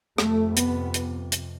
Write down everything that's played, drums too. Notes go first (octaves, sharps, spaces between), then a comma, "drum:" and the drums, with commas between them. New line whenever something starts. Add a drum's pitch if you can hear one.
F2 C3 A3, drum: rim click
B3, drum: hi-hat
drum: hi-hat
drum: hi-hat